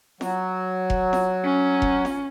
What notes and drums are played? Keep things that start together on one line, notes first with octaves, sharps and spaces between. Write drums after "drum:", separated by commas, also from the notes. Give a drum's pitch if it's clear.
F#3, drum: snare
drum: kick F1
drum: snare
C#4
drum: kick F1
drum: snare